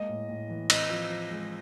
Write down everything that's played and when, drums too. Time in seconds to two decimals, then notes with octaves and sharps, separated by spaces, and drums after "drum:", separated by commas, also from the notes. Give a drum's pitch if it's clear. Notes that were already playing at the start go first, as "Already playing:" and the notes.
Already playing: G#3 A#3 D#5
0.09 A2
0.29 A2
0.49 E3
0.70 C4 D#5, drum: cymbal
0.90 F3
1.10 F3
1.30 G#3